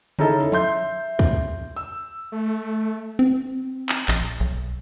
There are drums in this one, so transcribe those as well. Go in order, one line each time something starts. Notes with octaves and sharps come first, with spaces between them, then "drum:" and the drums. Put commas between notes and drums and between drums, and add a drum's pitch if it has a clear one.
C#4 D#4 E4 G#4 A4, drum: tom C#3
E5 C6 G6, drum: tom F3
drum: kick
E6
A3
C4
drum: clap
A#1, drum: clap
B1